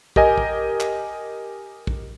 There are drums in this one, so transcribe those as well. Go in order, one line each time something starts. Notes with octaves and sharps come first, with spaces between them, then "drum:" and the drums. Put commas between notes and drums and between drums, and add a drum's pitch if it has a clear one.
G4 A#4 D#5 G#5, drum: kick
drum: kick
drum: clap
drum: kick